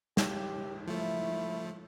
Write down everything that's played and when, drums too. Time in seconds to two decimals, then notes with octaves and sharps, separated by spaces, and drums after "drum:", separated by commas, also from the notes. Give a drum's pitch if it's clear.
0.17 G4, drum: snare
0.87 F3 A3 E4